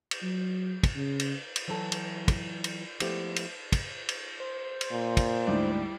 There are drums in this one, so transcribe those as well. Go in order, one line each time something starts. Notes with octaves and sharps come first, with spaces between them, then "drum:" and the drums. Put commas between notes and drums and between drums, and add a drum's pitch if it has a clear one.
drum: cymbal
F#3
drum: kick, cymbal
C#3
drum: cymbal
drum: cymbal
E3 F#3 E4 A4 G#5 A5
drum: cymbal
drum: kick, cymbal
drum: cymbal
F3 G#3 A3 B3 E4 G4, drum: cymbal
drum: cymbal
drum: kick, cymbal
drum: cymbal
C5
drum: cymbal
A#2
drum: kick, cymbal
D2 G#2 G3 E4 D5